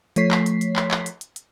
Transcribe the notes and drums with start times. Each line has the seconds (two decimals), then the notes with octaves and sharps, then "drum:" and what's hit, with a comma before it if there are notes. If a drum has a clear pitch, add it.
0.16 F3 A3 C#5 B6 C7, drum: hi-hat
0.31 drum: clap
0.46 drum: hi-hat
0.61 drum: hi-hat
0.76 drum: clap
0.91 drum: clap
1.06 drum: hi-hat
1.21 drum: hi-hat
1.36 drum: hi-hat